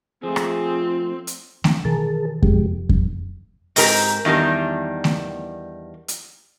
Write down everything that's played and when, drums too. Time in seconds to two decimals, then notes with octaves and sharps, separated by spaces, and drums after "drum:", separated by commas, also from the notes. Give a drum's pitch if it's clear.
0.23 F3 A3 C4 F4 G#4
0.36 drum: rim click
1.27 drum: hi-hat
1.64 F3 D4, drum: snare A3
1.85 B2 D#3 E3 G#4 A#4 A5
2.43 F2 C3 F3 G#3 G4, drum: kick F2
2.89 drum: kick F2
3.76 G#2 C4 G4 A#4 A#5, drum: open hi-hat
4.25 E2 D#3 G3 D4 A#4
5.04 drum: snare A3
6.08 drum: hi-hat